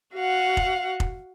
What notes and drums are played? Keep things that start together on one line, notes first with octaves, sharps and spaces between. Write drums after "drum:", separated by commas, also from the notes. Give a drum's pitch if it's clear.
F#4 F5 F#5
drum: kick F1
drum: kick F1